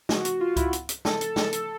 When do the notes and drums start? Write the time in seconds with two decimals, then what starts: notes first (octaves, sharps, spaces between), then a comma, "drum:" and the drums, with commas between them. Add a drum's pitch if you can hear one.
0.09 F#4, drum: snare
0.25 F#4, drum: hi-hat
0.41 F4
0.56 E4, drum: kick C#2, hi-hat
0.73 drum: hi-hat
0.89 drum: hi-hat
1.05 A4, drum: snare
1.21 A4, drum: hi-hat
1.36 A4, drum: snare
1.53 drum: hi-hat